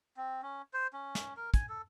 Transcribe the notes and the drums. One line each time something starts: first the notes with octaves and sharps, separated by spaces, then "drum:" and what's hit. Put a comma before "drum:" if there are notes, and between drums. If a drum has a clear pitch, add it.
C4
C#4
C5
C#4
drum: snare
A#4
G#5, drum: kick, hi-hat
A4